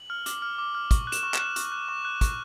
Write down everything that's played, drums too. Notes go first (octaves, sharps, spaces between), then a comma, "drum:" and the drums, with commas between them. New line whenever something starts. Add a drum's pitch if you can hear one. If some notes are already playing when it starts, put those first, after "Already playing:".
Already playing: F#7
F6
D6, drum: hi-hat
F6
D6
F6
C#6, drum: kick, hi-hat
F#6
E7, drum: hi-hat
C#6
F#6 E7, drum: clap
C#6, drum: hi-hat
F#6
C#6
F#6
C#6, drum: kick, hi-hat